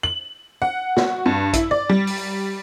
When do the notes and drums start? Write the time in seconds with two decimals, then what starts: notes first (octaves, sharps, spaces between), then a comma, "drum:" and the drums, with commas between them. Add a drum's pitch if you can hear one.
0.03 F#7
0.62 F#5
0.97 F#4, drum: snare
1.26 G2
1.53 E4, drum: kick A1, hi-hat
1.71 D5
1.90 G3
2.07 drum: open hi-hat